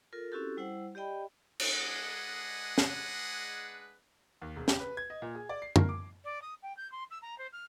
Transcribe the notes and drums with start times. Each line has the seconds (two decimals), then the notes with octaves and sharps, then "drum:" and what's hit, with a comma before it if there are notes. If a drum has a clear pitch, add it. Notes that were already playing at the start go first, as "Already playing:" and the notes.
0.13 F4 A4 A#4
0.32 C4 C#4 E4 F#4 G4 A4
0.57 G3 E4 C5 F#5
0.95 G4 D5 D#5 G5 B5
1.60 drum: cymbal
1.73 G#3 D4 G#4 B4 D#5 F#5
2.78 drum: snare
4.42 D#2
4.56 E1
4.68 G4, drum: snare
4.80 B4
4.97 G#6
5.10 D#5
5.22 A#2
5.35 G#4
5.49 D5
5.62 C7
5.76 A#4, drum: tom F#2
5.89 D6
6.24 D5
6.42 D#6
6.62 G5
6.77 G6
6.91 C6
7.10 E6
7.22 A#5
7.38 C5
7.52 F6